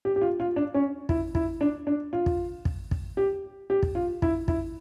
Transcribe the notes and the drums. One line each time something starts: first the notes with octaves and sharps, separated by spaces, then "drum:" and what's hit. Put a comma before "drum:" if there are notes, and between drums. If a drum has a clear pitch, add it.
G4
G4
F4
F4
D4
C#4
E4, drum: kick
E4, drum: kick
D4
D4
F4
drum: kick
drum: kick
drum: kick
G4
G4
drum: kick
F4
E4, drum: kick
E4, drum: kick